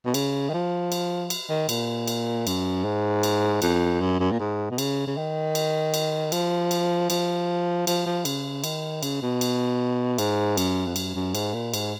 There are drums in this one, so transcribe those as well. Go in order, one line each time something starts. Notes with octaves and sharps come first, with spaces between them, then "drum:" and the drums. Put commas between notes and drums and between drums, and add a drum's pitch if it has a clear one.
B2
C#3, drum: cymbal
D#3
F3
drum: cymbal
drum: cymbal
D#3
A#2, drum: cymbal
drum: cymbal
F#2, drum: cymbal
G#2
drum: cymbal
F2, drum: cymbal
F#2
F#2
A#2
G#2
B2
C#3, drum: cymbal
C#3
D#3
drum: cymbal
drum: cymbal
F3, drum: cymbal
drum: cymbal
F3, drum: cymbal
F3, drum: cymbal
F3
C#3, drum: cymbal
D#3, drum: cymbal
C#3, drum: cymbal
B2
drum: cymbal
G#2, drum: cymbal
F#2, drum: cymbal
F2
F#2, drum: cymbal
F#2
G#2, drum: cymbal
A#2
G#2, drum: cymbal